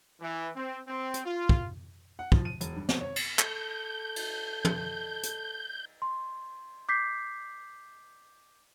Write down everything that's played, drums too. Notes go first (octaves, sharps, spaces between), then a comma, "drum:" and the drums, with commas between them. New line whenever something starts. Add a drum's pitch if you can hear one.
E3
C4
C4
drum: hi-hat
F4
drum: kick
F#5
F3, drum: kick
D#7
E1, drum: hi-hat
G2
F2, drum: snare
C#5
drum: cymbal
A4 G6, drum: clap
drum: cymbal
drum: tom
drum: hi-hat
C6
D6 G6 B6 C7